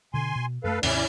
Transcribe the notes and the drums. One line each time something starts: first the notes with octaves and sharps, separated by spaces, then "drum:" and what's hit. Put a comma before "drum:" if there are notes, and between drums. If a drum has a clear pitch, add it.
B2 D3 G#5 C6
B2
F#2 G3 A3 A4 B4 F5
D#2 G#2 C3 C#4 E4 D5, drum: open hi-hat